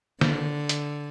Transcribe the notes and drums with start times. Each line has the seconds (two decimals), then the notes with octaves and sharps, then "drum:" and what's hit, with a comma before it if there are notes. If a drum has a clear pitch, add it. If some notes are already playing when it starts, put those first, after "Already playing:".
0.21 D3, drum: snare
0.69 drum: hi-hat